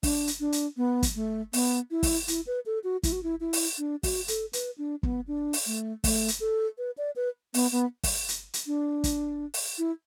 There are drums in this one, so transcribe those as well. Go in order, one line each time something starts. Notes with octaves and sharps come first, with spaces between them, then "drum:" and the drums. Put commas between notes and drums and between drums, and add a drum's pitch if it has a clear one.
D4, drum: kick, open hi-hat
drum: hi-hat
D4
drum: hi-hat
B3
drum: kick, hi-hat
A3
B3, drum: open hi-hat
E4
drum: kick, open hi-hat
E4, drum: hi-hat
B4
A4
F#4
E4, drum: kick, hi-hat
F#4
E4
E4
drum: open hi-hat
D4
F#4, drum: kick, open hi-hat
A4, drum: hi-hat
B4, drum: hi-hat
D4
B3, drum: kick
D4
drum: open hi-hat
A3
A3, drum: kick, open hi-hat
drum: hi-hat
A4
B4
D5
B4
B3, drum: open hi-hat
B3
drum: kick, open hi-hat
drum: hi-hat
drum: hi-hat
D4
drum: kick, hi-hat
drum: open hi-hat
E4